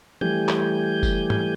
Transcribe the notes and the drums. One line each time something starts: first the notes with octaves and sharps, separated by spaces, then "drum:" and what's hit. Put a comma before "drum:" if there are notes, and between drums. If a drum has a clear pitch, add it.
E3 G3 A3 G4 G#5 G6, drum: tom
drum: clap
drum: kick F#1, tambourine
drum: tom